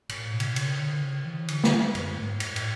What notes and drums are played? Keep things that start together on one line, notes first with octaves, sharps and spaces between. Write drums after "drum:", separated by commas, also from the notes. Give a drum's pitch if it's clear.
A2, drum: cymbal
B2
C#3, drum: cymbal
B2
C#3, drum: cymbal
D3
C#3
E3
D3, drum: cymbal
drum: snare
F#2, drum: cymbal
G#2
A2, drum: cymbal
drum: cymbal